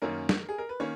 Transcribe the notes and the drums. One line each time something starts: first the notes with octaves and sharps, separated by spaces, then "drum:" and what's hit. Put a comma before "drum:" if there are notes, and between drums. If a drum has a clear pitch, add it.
F#2 D#3 A#3 C#4 A#4
drum: snare
G#4
A#4
B4
D#3 A#3 C#4 C#5